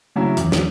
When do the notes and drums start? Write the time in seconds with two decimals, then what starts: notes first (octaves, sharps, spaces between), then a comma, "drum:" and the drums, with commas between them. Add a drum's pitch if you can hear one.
0.16 C#3 F#3 C#4 E4
0.37 E2, drum: hi-hat
0.52 drum: snare